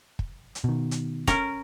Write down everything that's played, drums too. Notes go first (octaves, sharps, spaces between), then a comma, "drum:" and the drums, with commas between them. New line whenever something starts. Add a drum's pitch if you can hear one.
drum: kick
drum: hi-hat
B2 D#3
drum: hi-hat
C#4 A#4, drum: kick, hi-hat